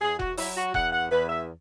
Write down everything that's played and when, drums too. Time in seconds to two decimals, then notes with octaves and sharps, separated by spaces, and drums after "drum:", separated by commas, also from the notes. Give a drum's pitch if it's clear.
0.02 E2 G#4
0.19 F#4, drum: kick E1
0.37 F#3 E4, drum: open hi-hat
0.57 F#4
0.74 E2 F#5, drum: kick E1
0.93 F#5
1.11 E2 B4
1.29 E5